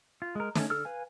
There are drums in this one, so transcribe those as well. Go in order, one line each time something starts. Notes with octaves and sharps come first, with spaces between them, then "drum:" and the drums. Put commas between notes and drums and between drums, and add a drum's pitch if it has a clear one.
F4
G#3 A#4
A3 A#3 C#4, drum: snare
D3 A4 E6 F6
B4 F5 G#5